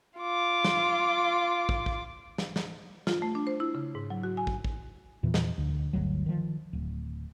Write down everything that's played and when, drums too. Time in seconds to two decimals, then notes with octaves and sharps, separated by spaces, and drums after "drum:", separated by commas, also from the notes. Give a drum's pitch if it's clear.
0.19 F4 D6
0.64 drum: snare
1.69 drum: kick
1.86 drum: kick
2.38 drum: snare
2.56 drum: snare
3.07 F4, drum: snare
3.22 A3
3.35 D4
3.47 C5
3.60 E4
3.75 C#3
3.95 G#2
4.10 F#3
4.23 F#4
4.37 G#5
4.47 drum: kick
4.64 drum: kick
5.23 E2 A#2 E3 F3
5.34 drum: snare
5.58 D2
5.93 G1 D2 F#3
6.26 D#3 F3
6.73 D1